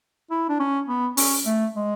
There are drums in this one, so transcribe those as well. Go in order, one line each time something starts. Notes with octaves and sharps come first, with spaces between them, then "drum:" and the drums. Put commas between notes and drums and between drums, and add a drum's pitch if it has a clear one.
E4
D4
C#4
B3
C#4, drum: open hi-hat
A3
G#3